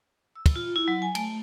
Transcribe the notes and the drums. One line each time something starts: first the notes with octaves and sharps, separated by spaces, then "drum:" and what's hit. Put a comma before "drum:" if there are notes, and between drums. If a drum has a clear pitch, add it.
E6
drum: kick, cymbal
F4
E4
F#3
G#5
A3, drum: cymbal